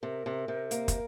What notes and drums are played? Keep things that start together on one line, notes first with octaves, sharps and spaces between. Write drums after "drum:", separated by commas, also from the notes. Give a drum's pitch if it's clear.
C3 A#4
C3
C3
A#3, drum: hi-hat
drum: kick, hi-hat